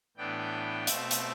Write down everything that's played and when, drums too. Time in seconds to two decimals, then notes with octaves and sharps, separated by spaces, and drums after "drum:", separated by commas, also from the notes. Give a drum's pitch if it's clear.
0.17 A2 E3 B3 D4 G5
0.87 B2 A3 C4 E5, drum: hi-hat
1.11 drum: hi-hat